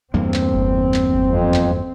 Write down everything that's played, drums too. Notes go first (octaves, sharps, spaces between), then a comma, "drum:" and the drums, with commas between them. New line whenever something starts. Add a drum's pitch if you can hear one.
E2 G2 A#3 C4
drum: clap
drum: kick F#1
drum: clap
drum: kick F#1
F2
drum: clap